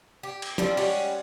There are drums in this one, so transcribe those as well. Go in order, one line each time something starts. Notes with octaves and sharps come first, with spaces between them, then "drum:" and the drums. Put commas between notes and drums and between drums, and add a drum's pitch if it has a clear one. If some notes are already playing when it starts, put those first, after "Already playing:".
G4
drum: cymbal
F3 G3 C4 F4, drum: tom
G3 G#3 C#4 F#4, drum: open hi-hat